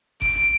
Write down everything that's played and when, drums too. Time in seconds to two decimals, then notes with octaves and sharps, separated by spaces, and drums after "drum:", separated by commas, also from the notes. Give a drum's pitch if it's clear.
0.22 D7, drum: kick F#1